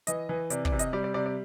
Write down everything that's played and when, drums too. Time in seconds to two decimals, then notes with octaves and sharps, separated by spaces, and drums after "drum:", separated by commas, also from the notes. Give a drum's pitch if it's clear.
0.07 E3 D#5, drum: hi-hat
0.29 E3
0.50 C3 D5, drum: hi-hat
0.65 D5, drum: kick
0.72 C3
0.79 D#5, drum: hi-hat
0.93 G3 D5
1.04 D5
1.14 C3 D5
1.26 D5